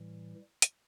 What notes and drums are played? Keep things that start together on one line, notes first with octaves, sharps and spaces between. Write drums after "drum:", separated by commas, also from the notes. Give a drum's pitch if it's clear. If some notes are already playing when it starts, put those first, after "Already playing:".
Already playing: A2 E3 G3
drum: hi-hat